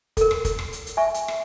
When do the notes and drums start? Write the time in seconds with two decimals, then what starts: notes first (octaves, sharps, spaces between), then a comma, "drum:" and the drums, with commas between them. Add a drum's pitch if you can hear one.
0.17 A4 A#4, drum: kick, hi-hat
0.31 drum: rim click
0.45 drum: kick, hi-hat
0.59 drum: rim click
0.73 drum: hi-hat
0.86 drum: hi-hat
0.97 E5 G#5 C#6
1.14 drum: hi-hat
1.28 drum: rim click